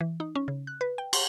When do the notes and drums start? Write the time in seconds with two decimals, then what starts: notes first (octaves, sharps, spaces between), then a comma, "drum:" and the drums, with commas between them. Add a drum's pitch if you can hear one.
0.01 E3
0.20 D#4
0.35 C#4
0.48 C#3
0.67 F#6
0.81 B4
0.98 G5
1.13 C6, drum: cymbal